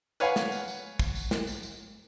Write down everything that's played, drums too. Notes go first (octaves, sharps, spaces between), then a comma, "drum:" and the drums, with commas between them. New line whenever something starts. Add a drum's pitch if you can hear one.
B4 C#5 F5 F#5 G#5, drum: tambourine
drum: snare
drum: tambourine
drum: tambourine
drum: kick, tambourine
drum: tambourine
drum: snare
drum: tambourine
drum: tambourine